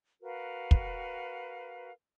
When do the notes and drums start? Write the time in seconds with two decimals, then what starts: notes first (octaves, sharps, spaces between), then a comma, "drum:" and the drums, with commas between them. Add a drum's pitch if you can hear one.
0.21 F#4 A#4 B4 F5
0.71 drum: kick